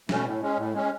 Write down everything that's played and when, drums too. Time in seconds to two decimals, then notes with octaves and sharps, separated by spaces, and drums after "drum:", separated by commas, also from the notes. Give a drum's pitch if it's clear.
0.09 B2 A3 C#4, drum: snare
0.25 A2
0.42 G#3 C#4
0.57 A2
0.73 G#3 C#4